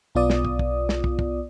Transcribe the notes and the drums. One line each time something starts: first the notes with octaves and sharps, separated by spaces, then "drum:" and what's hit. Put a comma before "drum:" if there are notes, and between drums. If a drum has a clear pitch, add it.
B1 B3 F4 D5 D#6
drum: snare
drum: kick
drum: kick
drum: snare
drum: kick
drum: kick